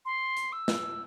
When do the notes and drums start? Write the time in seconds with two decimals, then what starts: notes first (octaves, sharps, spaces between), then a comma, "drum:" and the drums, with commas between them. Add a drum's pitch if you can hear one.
0.05 C6
0.37 drum: hi-hat
0.53 E6
0.68 drum: snare